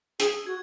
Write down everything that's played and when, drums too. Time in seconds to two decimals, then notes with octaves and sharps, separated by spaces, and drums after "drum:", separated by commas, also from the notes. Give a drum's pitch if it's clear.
0.20 G#4 E6, drum: hi-hat
0.46 F#4 G#6